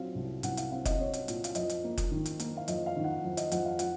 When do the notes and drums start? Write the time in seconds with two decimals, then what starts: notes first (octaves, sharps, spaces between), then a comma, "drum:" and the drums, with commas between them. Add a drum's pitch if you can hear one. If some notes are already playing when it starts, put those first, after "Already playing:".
Already playing: A#2 F#3 C4 F5
0.15 C2
0.43 C2 F#5, drum: hi-hat
0.57 F5, drum: hi-hat
0.71 C4 F5
0.85 D#5, drum: kick F#1, hi-hat
0.99 C4 C#5
1.13 drum: hi-hat
1.28 A#2, drum: hi-hat
1.44 F5, drum: hi-hat
1.55 F2 D#5, drum: hi-hat
1.70 drum: hi-hat
1.84 A#3
1.98 drum: kick F#1, hi-hat
2.11 D#3
2.26 drum: hi-hat
2.40 A#3, drum: hi-hat
2.57 F5
2.68 F2 D#5, drum: hi-hat
2.86 F5
2.96 D#3
3.04 F#5
3.24 F2
3.37 D#5, drum: hi-hat
3.52 F2 F#5, drum: hi-hat
3.65 F5
3.79 F3 F#5, drum: hi-hat